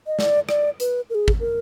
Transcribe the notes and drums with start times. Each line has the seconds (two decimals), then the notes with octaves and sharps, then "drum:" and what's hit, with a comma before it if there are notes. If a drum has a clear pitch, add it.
0.07 D#5
0.19 D5, drum: snare
0.49 D5, drum: rim click
0.80 B4, drum: hi-hat
1.10 A#4
1.15 G#4
1.28 drum: kick G#1
1.40 A#4